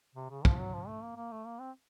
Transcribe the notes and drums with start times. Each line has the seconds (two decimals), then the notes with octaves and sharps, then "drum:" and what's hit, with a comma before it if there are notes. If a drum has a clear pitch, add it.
0.15 C3
0.30 C#3
0.45 F3, drum: kick
0.59 F#3
0.74 F3
0.88 A3
1.02 A#3
1.16 A#3
1.31 A3
1.46 A#3
1.60 C4